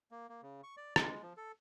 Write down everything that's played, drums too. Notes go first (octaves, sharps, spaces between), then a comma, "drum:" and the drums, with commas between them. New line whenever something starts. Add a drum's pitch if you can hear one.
A#3
A#3
C#3
C#6
D5
G#3, drum: rim click
F3
A4